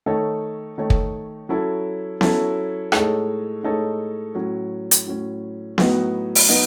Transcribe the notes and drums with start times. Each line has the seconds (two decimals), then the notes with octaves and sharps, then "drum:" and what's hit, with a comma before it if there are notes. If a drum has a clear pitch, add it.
0.06 D#3 A3 D#4 A4 C#5
0.78 D#3 A3 D#4 A4 C#5
0.90 drum: kick
1.49 F#3 C#4 E4 A4
2.21 F#3 C#4 E4 A4, drum: snare B3
2.92 A2 G#3 D#4 A4 C#5, drum: rim click
3.63 A2 G#3 D#4 A4 C#5
4.35 A2 F#3 C#4
4.91 drum: hi-hat
5.06 A2 F#3 C#4
5.78 A2 F#3 B3 D#4, drum: snare B3
6.35 drum: open hi-hat
6.49 F#3 B3 D#4